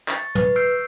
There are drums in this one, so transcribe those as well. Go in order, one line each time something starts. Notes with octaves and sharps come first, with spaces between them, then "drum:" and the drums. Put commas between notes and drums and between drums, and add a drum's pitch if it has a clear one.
C#6 A6, drum: clap
B4, drum: tom
C#6 E6 F6 G6 C7 D7